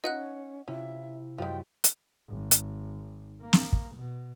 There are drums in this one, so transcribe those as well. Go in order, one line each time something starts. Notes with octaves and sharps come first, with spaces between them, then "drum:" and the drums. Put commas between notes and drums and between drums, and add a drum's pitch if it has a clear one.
C#4 D#4 F4 B4 D#5 F#5 F#6
C3 C#4 E4 F4 E5
F#2 F3 G#3 G4 G5 B6
drum: hi-hat
G#1
drum: hi-hat
A#3
drum: snare
drum: kick
B2